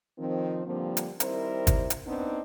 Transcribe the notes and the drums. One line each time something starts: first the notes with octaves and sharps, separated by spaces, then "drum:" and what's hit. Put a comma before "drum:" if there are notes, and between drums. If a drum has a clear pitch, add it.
D#3 F3 C4
G2 D3 F3 G3 A#3 C4
drum: hi-hat
D#3 G3 C4 E4 A#4 C5, drum: hi-hat
drum: kick G1, hi-hat
drum: hi-hat
B3 C4 D4 D#4